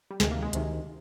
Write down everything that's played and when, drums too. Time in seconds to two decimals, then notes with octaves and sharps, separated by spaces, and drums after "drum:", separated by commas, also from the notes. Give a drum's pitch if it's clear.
0.11 G3
0.20 D2 C3 D#3 G#3, drum: snare
0.31 A#3
0.42 G#3
0.53 D2 C3 D#3, drum: hi-hat